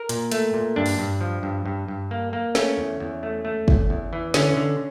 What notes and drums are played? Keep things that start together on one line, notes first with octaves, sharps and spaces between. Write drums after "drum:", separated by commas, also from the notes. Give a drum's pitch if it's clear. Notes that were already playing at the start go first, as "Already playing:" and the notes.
Already playing: A#4
A#2, drum: hi-hat
A3, drum: hi-hat
A#2
G2 D4
drum: open hi-hat
G2
F3
G2
G2
G2
A#3
A#3
A3 C#4, drum: snare
E2
E2
A3
A3
E2, drum: kick
E2
E3
D3 C#4, drum: snare
D3